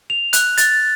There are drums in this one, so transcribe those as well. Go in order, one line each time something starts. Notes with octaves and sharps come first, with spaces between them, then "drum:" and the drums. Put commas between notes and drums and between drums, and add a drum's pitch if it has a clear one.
F7
F#6, drum: hi-hat
A6, drum: hi-hat